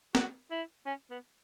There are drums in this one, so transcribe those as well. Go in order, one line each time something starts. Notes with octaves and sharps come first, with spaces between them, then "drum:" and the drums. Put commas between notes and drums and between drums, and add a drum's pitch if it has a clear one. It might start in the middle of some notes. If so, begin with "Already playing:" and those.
F#4, drum: snare
E4
C#4
B3